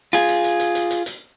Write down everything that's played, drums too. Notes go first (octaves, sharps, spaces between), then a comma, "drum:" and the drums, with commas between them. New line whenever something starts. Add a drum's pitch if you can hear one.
F4 G#4
drum: hi-hat
drum: hi-hat
drum: hi-hat
drum: hi-hat
drum: hi-hat
drum: hi-hat